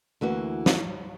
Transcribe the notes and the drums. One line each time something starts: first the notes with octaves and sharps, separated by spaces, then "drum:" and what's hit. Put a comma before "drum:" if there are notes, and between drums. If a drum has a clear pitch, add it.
D2 E3 A#3 F#4
drum: snare